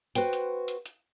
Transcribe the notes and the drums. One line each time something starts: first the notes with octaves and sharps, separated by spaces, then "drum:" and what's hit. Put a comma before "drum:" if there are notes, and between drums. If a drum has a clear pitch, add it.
F#4 B4 C5 G5, drum: hi-hat
drum: hi-hat
drum: hi-hat
drum: hi-hat